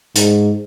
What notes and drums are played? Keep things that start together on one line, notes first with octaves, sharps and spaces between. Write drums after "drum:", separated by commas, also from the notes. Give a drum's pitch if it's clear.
G#2, drum: hi-hat